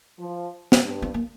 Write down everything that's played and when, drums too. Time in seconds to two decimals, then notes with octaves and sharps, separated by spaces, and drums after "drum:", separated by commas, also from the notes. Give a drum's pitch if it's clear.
0.19 F3
0.72 drum: snare
0.83 G2
1.02 C4
1.14 A#3